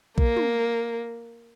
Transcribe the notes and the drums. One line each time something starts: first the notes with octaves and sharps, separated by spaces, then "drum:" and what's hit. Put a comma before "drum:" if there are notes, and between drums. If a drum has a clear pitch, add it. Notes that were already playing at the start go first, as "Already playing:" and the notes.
A#3, drum: kick A#1
drum: tom